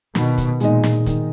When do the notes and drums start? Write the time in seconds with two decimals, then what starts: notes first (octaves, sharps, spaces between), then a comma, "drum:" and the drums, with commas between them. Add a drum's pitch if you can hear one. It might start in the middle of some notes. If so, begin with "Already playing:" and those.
0.15 B2 D#3, drum: snare
0.38 drum: kick, hi-hat
0.60 A#2 G#3 D#4 G#4 D#5, drum: hi-hat
0.84 drum: snare
1.06 D#3, drum: kick, hi-hat